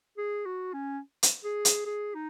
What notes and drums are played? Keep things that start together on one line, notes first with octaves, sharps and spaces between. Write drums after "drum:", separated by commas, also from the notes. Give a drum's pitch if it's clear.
G#4
F#4
C#4
drum: hi-hat
G#4
drum: hi-hat
G#4
D#4